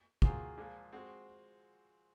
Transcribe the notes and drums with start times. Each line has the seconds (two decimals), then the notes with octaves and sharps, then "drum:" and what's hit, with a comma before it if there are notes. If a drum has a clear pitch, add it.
0.22 D#3 F#3 A#3 F4 G#4 C5, drum: kick
0.57 A#2 F3 G#3
0.93 G#3 C4 F#4